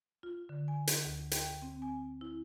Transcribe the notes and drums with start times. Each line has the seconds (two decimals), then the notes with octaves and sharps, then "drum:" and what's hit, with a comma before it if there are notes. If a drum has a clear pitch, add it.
0.23 F4
0.49 D3
0.68 G#5
0.87 drum: hi-hat
1.05 D2
1.31 G5, drum: hi-hat
1.62 C4
1.82 G#5
2.21 E4